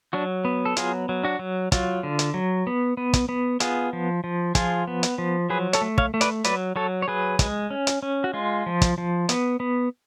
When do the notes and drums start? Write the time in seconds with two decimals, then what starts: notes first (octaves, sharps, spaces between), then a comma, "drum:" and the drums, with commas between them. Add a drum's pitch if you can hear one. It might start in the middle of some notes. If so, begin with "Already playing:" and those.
0.13 F#3 D4 F#4
0.45 B3
0.65 A4
0.77 F#3 F4 G#4, drum: hi-hat
1.09 F#3
1.24 D4 F#4
1.39 F#3
1.72 F#3 F4, drum: kick, hi-hat
2.03 D3
2.19 drum: hi-hat
2.34 F#3
2.67 B3
2.97 B3
3.13 drum: kick, hi-hat
3.29 B3
3.60 B3 F4 G#4, drum: hi-hat
3.93 F3
4.24 F3
4.55 F3 F4 G#4, drum: kick, hi-hat
4.87 B3
5.03 drum: hi-hat
5.18 F3
5.50 F#3 G#4 B4
5.73 A4 C#5, drum: hi-hat
5.81 A3
5.98 C#5 F5, drum: kick
6.14 A3
6.21 B4 D5, drum: hi-hat
6.44 F#3 B4 D5, drum: hi-hat
6.76 F#3 A4 C#5
7.02 C#5
7.08 F#3 G#4 B4
7.39 G#3, drum: kick, hi-hat
7.70 C#4
7.87 drum: hi-hat
8.02 C#4
8.24 F#4
8.34 G#3 F4
8.66 F3
8.82 drum: kick, hi-hat
8.98 F3
9.29 B3, drum: hi-hat
9.60 B3